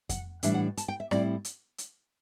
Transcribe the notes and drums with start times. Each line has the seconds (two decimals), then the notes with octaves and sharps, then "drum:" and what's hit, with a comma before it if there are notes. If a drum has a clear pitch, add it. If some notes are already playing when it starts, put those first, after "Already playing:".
0.09 F#5, drum: kick F2, hi-hat
0.43 A2 E3 G3 D4 E5, drum: hi-hat
0.54 F#5
0.77 A5, drum: hi-hat
0.88 G5
1.00 E5
1.11 A2 G3 C4 E4 D5, drum: rim click
1.45 drum: hi-hat
1.78 drum: hi-hat